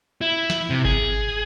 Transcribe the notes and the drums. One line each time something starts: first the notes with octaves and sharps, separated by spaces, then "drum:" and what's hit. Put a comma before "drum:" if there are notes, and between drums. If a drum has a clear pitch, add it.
E4
drum: snare
C3
G#4, drum: kick G#1